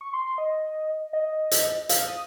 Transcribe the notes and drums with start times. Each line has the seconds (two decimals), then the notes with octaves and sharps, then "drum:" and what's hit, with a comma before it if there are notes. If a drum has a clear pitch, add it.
0.01 C#6
0.13 C6
0.26 C6
0.38 D#5
1.13 D#5
1.51 drum: hi-hat
1.89 F5, drum: hi-hat
2.08 D#6